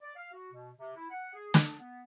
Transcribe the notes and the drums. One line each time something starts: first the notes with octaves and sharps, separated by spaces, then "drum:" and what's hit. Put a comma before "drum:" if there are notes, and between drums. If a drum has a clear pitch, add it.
D5
F5
F#4
B2
C3
E4
F#5
G#4
D4, drum: snare
B3